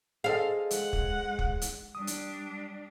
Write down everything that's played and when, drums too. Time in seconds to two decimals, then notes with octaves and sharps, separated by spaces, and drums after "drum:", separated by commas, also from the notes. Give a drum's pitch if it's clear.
0.24 G#4 A4 C5 D#5 F5
0.71 G#3 F#5, drum: hi-hat
0.93 drum: kick
1.39 drum: kick
1.62 drum: hi-hat
1.95 G3 D4 D#6
2.07 drum: hi-hat